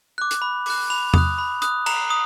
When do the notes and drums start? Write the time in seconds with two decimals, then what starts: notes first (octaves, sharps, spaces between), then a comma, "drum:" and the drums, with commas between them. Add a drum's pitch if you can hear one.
0.18 D6 F#6
0.31 drum: hi-hat
0.42 B5
0.66 D6 F#6, drum: open hi-hat
0.90 B5 F7
1.14 D#6 F#6, drum: tom E2
1.38 B5
1.62 D#6 F#6, drum: hi-hat
1.86 A#5 F7, drum: cymbal
2.10 D#6